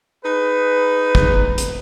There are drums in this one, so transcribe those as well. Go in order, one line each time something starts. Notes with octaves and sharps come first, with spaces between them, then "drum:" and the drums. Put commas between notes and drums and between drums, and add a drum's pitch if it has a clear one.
D#4 G#4 B4
drum: kick
drum: hi-hat